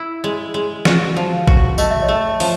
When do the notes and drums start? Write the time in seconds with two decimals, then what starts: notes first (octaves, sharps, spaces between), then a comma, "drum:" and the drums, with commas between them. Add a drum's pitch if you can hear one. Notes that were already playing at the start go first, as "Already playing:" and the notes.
Already playing: E4
0.24 G#3
0.54 G#3
0.85 F#4, drum: snare
1.17 F3
1.47 F#4, drum: kick
1.78 A3 D#5, drum: tambourine
1.91 E5
2.02 C#5 D#5
2.09 A3
2.40 F3, drum: open hi-hat